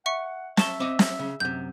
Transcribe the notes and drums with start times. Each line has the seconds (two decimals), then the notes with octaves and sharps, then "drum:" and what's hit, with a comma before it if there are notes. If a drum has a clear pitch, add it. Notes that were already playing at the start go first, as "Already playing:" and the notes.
0.06 E5 F#5 C#6 C#7
0.57 E5 A5 C#6 E7 G7, drum: snare
0.80 C4 D#5 D6
0.99 drum: snare
1.19 C#3
1.40 F#2 C3 G6